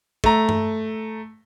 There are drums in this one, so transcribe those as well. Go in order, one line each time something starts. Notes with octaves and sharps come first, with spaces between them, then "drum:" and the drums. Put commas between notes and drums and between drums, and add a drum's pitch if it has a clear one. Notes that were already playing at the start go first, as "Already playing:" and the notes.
A3 A#5, drum: kick
drum: tom G2